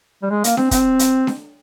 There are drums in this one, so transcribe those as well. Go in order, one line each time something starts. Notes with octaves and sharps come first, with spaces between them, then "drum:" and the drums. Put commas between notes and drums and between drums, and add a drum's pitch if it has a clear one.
G3
G#3
A#3, drum: hi-hat
C4, drum: snare D4
C4, drum: kick, hi-hat
drum: hi-hat
drum: snare D4